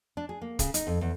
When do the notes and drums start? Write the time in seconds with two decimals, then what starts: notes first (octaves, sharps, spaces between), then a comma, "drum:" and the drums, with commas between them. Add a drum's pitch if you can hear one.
0.17 D4
0.29 G#4
0.42 A#3
0.59 C#3, drum: kick, hi-hat
0.74 D#4, drum: hi-hat
0.87 F2
1.01 E2